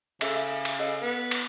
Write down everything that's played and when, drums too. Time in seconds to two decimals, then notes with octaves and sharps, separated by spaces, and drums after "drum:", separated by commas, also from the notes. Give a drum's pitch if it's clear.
0.21 C#3 A4 E5, drum: cymbal
0.36 E5
0.65 drum: cymbal
0.79 A4 D#5 F5
1.02 B3
1.31 drum: cymbal